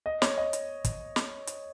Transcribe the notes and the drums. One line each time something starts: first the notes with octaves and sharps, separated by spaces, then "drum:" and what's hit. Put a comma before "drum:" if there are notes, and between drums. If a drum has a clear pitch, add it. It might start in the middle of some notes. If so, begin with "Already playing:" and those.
D#5
C#5, drum: snare
D#5
drum: hi-hat
drum: kick, hi-hat
drum: snare
drum: hi-hat